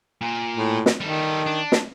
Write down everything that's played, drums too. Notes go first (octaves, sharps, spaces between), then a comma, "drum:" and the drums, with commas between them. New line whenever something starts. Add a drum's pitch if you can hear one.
A#2
A2
drum: snare
D#3 G3 A4
D4
drum: snare